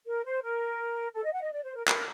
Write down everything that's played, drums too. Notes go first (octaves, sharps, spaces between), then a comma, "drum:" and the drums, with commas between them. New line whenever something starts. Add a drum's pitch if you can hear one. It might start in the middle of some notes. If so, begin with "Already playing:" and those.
A#4
C5
A#4
A4
D#5
F#5
D#5
D5
C5
A#4
A#4, drum: clap